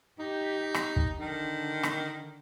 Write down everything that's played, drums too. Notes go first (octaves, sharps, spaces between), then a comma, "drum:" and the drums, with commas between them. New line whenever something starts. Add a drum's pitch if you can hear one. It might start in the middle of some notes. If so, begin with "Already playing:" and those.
D#4 G4
drum: rim click
drum: kick
D3 D#3
drum: rim click